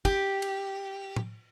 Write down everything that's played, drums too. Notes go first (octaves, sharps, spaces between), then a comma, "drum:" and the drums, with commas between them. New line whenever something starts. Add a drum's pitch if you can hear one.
G4, drum: kick, cymbal
drum: cymbal
drum: tom A2